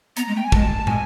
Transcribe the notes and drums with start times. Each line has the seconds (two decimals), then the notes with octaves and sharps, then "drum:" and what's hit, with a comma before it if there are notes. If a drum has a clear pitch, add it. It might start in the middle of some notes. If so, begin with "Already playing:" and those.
0.17 B3 A#5, drum: hi-hat
0.28 G#3
0.35 A3 G5
0.44 G#5
0.52 G#3 A5, drum: kick
0.80 A5
0.87 G#3 G#5, drum: tom